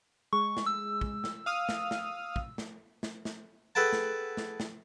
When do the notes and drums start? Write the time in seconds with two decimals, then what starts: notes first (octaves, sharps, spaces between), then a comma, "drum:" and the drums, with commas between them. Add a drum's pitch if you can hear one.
0.33 G#3 C#6
0.57 drum: snare
0.66 E6
1.01 drum: kick
1.24 drum: snare
1.46 F5 D#6 F6
1.69 drum: snare
1.91 drum: snare
2.36 drum: kick
2.58 drum: snare
3.03 drum: snare
3.25 drum: snare
3.75 G#4 A4 B4 F#5 G5 A5
3.92 drum: snare
4.37 drum: snare
4.60 drum: snare